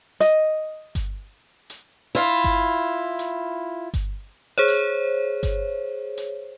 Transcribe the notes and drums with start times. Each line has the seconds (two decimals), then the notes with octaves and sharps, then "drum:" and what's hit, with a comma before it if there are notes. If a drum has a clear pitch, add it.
0.20 D#5, drum: hi-hat
0.95 drum: kick G1, hi-hat
1.70 drum: hi-hat
2.15 E4 F4
2.44 drum: kick G1, hi-hat
3.19 drum: hi-hat
3.94 drum: kick G1, hi-hat
4.58 G#4 C5 C#5
4.68 drum: hi-hat
5.43 drum: kick G1, hi-hat
6.17 drum: hi-hat